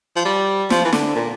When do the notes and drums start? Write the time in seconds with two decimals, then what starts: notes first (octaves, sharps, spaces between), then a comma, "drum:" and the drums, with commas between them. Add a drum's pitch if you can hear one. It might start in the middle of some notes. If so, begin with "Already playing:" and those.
0.16 F3
0.25 G3
0.70 F3, drum: snare
0.85 E3
0.93 D3, drum: snare
1.16 A#2